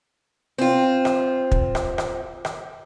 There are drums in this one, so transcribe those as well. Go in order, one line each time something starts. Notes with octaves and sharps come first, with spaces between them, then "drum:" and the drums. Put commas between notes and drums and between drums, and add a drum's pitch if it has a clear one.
C4 F4
drum: rim click
drum: kick
drum: rim click
drum: rim click
drum: rim click